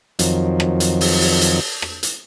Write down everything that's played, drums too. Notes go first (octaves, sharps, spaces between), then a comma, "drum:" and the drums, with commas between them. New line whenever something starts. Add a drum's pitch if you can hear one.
F2 D#3 F3 F#3, drum: hi-hat
drum: rim click
drum: hi-hat
drum: open hi-hat
drum: open hi-hat
drum: hi-hat
drum: rim click
drum: hi-hat